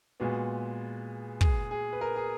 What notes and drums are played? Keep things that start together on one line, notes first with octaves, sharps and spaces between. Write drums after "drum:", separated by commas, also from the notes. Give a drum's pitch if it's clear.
A#2 G#3 B3 F#4
G#4, drum: kick
G#4
B4
A#4
G#4